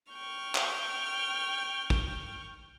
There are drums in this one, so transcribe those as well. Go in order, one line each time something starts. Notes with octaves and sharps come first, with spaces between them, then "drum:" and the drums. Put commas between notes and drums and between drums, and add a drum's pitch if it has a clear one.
G5 C#6 F6
drum: clap
drum: kick